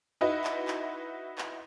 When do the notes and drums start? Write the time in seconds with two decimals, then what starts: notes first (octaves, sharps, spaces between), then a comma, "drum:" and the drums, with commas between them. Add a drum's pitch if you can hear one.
0.21 D#4 E4 F#4 B4 D#5
0.44 drum: clap
0.68 drum: clap
1.38 drum: clap